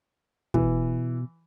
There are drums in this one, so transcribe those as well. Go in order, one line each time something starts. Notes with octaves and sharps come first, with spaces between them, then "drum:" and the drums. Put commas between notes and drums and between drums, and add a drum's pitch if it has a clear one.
B2 E3, drum: kick